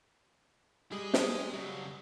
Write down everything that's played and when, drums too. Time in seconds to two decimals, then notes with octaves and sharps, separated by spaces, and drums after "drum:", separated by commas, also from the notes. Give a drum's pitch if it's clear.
0.92 G3 G#4 D#5
1.14 drum: snare
1.54 C#3 F#3